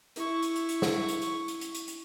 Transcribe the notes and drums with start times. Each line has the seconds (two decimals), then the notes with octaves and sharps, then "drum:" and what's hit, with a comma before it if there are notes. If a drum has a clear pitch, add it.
0.16 E4 C#6, drum: hi-hat
0.42 drum: hi-hat
0.56 drum: hi-hat
0.69 drum: hi-hat
0.82 drum: snare
1.08 drum: hi-hat
1.22 drum: hi-hat
1.48 drum: hi-hat
1.61 drum: hi-hat
1.75 drum: hi-hat
1.88 drum: hi-hat